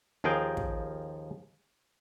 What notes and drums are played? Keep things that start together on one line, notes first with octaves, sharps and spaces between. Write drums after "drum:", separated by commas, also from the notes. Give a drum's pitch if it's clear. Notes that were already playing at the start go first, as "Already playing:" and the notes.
D#2 F3 G#4 A#4 F5 G5
drum: kick